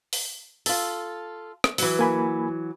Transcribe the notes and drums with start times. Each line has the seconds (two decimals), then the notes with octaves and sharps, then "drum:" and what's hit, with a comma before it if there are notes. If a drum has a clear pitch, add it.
0.13 drum: open hi-hat
0.66 F4 A4, drum: open hi-hat
1.64 drum: rim click
1.78 E3 F#3, drum: open hi-hat
1.99 A#3 G#5 B5